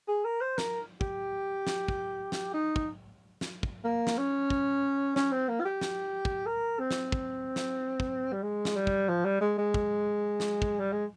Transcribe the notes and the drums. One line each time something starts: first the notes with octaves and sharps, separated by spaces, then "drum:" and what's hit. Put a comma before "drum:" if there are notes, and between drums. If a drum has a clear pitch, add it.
G#4
A#4
C5
A#4, drum: snare
G4, drum: kick
drum: snare
drum: kick
drum: snare
D#4
drum: kick
drum: snare
drum: kick
A#3
drum: snare
C#4
drum: kick
C#4, drum: snare
C4
A#3
F4
G4
drum: snare
drum: kick
A#4
C4
drum: snare
drum: kick
drum: snare
drum: kick
G3
G#3
drum: snare
G3
drum: kick
F3
G3
G#3
G#3
drum: kick
drum: snare
drum: kick
G3
G#3